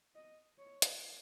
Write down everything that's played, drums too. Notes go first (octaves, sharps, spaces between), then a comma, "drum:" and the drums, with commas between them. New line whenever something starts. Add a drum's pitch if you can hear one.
D#5
C#5
drum: hi-hat